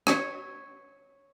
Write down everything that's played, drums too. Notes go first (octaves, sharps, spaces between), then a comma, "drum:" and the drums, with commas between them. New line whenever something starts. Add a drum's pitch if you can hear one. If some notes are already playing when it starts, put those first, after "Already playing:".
C#5, drum: rim click